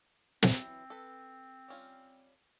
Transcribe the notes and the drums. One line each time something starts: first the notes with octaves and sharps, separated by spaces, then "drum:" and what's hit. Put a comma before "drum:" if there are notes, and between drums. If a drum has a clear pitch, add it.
E3 F#3 C4 E4, drum: snare
A4 B4
G3 C#4 F4